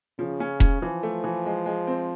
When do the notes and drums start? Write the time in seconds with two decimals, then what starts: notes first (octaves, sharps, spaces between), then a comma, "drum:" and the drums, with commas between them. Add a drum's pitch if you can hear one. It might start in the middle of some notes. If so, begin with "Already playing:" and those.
0.19 C#3 F3
0.40 C#4
0.60 C#4, drum: kick E1
0.82 E3 F3
1.03 A3
1.24 E3
1.46 G#3
1.66 G#3
1.87 C4